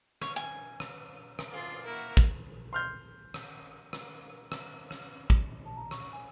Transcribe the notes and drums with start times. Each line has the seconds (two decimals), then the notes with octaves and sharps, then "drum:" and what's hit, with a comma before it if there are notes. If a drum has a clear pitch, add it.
0.21 C#5, drum: rim click
0.36 G#5
0.80 drum: rim click
1.39 drum: rim click
1.52 D2 F4 G#4 D5 F5
1.85 A#3 E4 F#4 A#4
2.17 drum: kick
2.73 C6 F6 G6
3.34 drum: rim click
3.93 drum: rim click
4.52 drum: rim click
4.91 drum: rim click
5.30 drum: kick
5.66 A5
5.77 A#5
5.91 C#6, drum: rim click
6.13 G#5